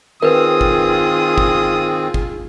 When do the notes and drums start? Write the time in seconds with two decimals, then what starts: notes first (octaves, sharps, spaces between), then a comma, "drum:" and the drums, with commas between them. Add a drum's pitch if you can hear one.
0.22 D#3 C4 F4 G#4 A#4 B4 D#6
0.61 drum: kick
1.38 drum: kick
2.14 drum: kick